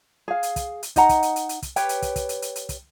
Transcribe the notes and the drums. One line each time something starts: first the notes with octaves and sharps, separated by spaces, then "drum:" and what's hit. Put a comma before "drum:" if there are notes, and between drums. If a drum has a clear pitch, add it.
G#4 F5
drum: hi-hat
drum: kick, hi-hat
drum: hi-hat
D#4 D#5 F#5 A#5, drum: kick, hi-hat
drum: kick, hi-hat
drum: hi-hat
drum: hi-hat
drum: hi-hat
drum: kick, hi-hat
G4 B4 C#5 G5, drum: hi-hat
drum: hi-hat
drum: kick, hi-hat
drum: kick, hi-hat
drum: hi-hat
drum: hi-hat
drum: hi-hat
drum: kick, hi-hat